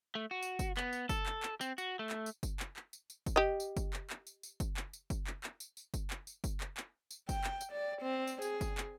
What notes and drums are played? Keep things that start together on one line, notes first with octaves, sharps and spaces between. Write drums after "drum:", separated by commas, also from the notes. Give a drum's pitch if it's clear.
A3
F#4
drum: tambourine
drum: kick F#1, tambourine
B3, drum: clap
drum: tambourine
A4, drum: kick F#1, tambourine
drum: clap
drum: clap
C4, drum: tambourine
F#4, drum: tambourine
A3
drum: clap
drum: tambourine
drum: kick F#1, tambourine
drum: clap
drum: clap
drum: tambourine
drum: tambourine
drum: kick F#1, tambourine
G4 D#5
drum: tambourine
drum: kick F#1, tambourine
drum: clap
drum: clap
drum: tambourine
drum: tambourine
drum: kick F#1, tambourine
drum: clap
drum: tambourine
drum: kick F#1, tambourine
drum: clap
drum: clap
drum: tambourine
drum: tambourine
drum: kick F#1, tambourine
drum: clap
drum: tambourine
drum: kick F#1, tambourine
drum: clap
drum: clap
drum: tambourine
G5, drum: kick F#1, tambourine
drum: clap
drum: tambourine
D5
C4
drum: tambourine
G#4, drum: tambourine
drum: kick F#1, tambourine
drum: clap